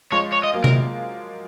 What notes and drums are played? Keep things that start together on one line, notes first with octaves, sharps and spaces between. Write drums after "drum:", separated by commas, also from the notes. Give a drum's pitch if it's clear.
F3 G#3 C#5
C#5
D#5
F#3 A#3
A#4, drum: tom C3